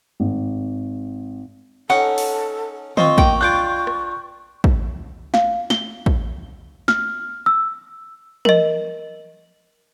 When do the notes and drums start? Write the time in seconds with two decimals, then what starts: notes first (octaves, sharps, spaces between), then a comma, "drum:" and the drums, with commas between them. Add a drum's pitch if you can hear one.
0.20 G#1
1.90 C#4 D#4 A4 F#5
2.18 drum: open hi-hat
2.97 C4 F4 C5 D#5 C#6, drum: tom D3
3.18 A#3 G5, drum: kick
3.41 D4 F4 D6 F#6 G6
3.87 drum: rim click
4.64 drum: kick
5.34 F5, drum: snare
5.70 G7, drum: snare
6.06 drum: kick
6.88 F6, drum: snare
7.46 E6
8.45 A#4 D#5, drum: tom E3